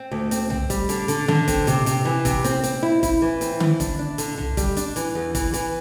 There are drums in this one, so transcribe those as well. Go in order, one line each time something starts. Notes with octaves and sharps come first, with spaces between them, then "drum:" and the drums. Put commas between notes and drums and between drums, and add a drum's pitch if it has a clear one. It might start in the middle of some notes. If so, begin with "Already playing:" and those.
Already playing: C4
D2
C4, drum: hi-hat
C4, drum: tom
G3, drum: kick, hi-hat
D3, drum: hi-hat
D3, drum: hi-hat
D3, drum: tom D3
C4, drum: kick, hi-hat
C3, drum: hi-hat
C3, drum: hi-hat
E3
C3, drum: kick, hi-hat
C4, drum: hi-hat
C4, drum: hi-hat
E4
E4, drum: kick, hi-hat
E3
C4, drum: hi-hat
E4, drum: tom D3
D4, drum: kick, hi-hat
D4
D3, drum: hi-hat
D3, drum: tom
G3, drum: kick, hi-hat
D4, drum: hi-hat
E3, drum: hi-hat
E2
E3, drum: kick, hi-hat
E3, drum: hi-hat